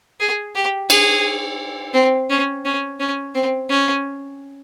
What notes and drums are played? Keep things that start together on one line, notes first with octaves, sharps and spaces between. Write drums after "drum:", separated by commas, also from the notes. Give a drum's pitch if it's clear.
G#4
G4
G#4, drum: cymbal
C4
C#4
C#4
C#4
C4
C#4